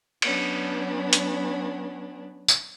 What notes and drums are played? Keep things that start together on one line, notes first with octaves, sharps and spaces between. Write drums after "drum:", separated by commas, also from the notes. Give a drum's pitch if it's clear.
F#3 B3 C#4 D4, drum: cymbal
drum: hi-hat
drum: tambourine